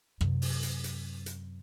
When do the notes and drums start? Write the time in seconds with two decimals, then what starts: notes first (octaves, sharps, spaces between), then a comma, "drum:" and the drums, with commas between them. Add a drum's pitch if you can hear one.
0.21 F#2 C3, drum: rim click
0.42 drum: open hi-hat
0.63 drum: hi-hat
0.84 drum: hi-hat
1.26 drum: hi-hat